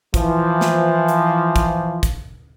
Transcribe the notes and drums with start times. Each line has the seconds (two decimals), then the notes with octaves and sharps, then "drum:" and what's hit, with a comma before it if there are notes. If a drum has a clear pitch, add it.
0.14 E3 F3, drum: kick, hi-hat
0.61 drum: snare
1.08 drum: hi-hat
1.56 drum: kick, hi-hat
2.03 drum: kick, hi-hat